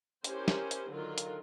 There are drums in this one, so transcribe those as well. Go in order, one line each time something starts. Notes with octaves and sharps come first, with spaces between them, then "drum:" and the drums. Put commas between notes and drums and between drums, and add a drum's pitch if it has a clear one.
C#4 E4 G4 A#4 C5, drum: hi-hat
drum: snare
drum: hi-hat
D3 D#3 F#3 F4 A#4
drum: hi-hat